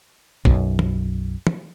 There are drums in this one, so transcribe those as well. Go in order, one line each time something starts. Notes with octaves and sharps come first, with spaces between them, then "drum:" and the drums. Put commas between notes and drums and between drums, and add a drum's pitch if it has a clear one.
B1 F#2, drum: kick
drum: tom
drum: tom